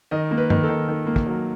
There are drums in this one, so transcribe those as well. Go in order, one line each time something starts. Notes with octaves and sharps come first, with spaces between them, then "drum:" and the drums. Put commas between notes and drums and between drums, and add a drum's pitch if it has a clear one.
D#3 D#5
A#3
B4
D#3, drum: tom
A4
D#3
D#3
A#3
drum: kick
F#3